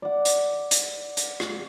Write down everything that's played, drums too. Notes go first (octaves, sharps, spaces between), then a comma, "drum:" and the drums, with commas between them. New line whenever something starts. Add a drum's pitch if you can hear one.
D5 F#5
drum: hi-hat
drum: hi-hat
drum: hi-hat
drum: rim click